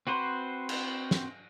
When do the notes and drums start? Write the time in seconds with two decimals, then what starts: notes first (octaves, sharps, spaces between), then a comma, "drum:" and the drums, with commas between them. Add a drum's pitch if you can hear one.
0.07 C4 F#4 B4 C5
0.69 drum: cymbal
1.11 drum: snare